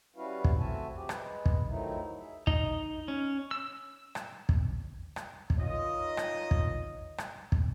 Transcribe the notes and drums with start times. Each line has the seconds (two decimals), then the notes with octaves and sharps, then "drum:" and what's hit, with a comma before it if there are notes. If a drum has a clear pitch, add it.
0.16 G3 C#4 E4 F#4 B4 F5
0.44 drum: kick
0.59 A3 C4 F#4 E5 G#5 A5
0.95 A2 F3 C4 G4 G#4
1.09 G#3 G#4 B4, drum: rim click
1.46 drum: kick
1.68 D#3 F3 F#3 A3 D#4 E4
2.19 G#4 E5
2.47 D#4, drum: kick
3.08 C#4
3.51 E6
4.15 drum: rim click
4.49 drum: kick
5.16 drum: rim click
5.50 drum: kick
5.60 D#4 F4 A#4 C#5 D#5
6.17 drum: rim click
6.51 drum: kick
7.18 drum: rim click
7.52 drum: kick